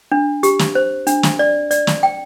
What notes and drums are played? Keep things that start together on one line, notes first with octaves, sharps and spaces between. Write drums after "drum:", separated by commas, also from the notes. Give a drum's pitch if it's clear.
D4
G4, drum: hi-hat
drum: snare
C5
D4, drum: hi-hat
drum: snare
D5
D5, drum: hi-hat
drum: snare
G5